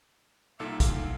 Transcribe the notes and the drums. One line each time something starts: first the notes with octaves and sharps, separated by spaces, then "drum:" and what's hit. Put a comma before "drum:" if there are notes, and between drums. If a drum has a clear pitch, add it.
C2 A#2 D#4 A4 E5 D6
E1 F5, drum: kick, hi-hat